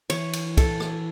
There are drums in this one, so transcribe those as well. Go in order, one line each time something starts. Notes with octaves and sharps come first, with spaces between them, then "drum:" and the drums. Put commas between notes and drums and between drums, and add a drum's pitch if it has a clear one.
E3 C#5, drum: cymbal
drum: cymbal
A4, drum: kick, cymbal
drum: rim click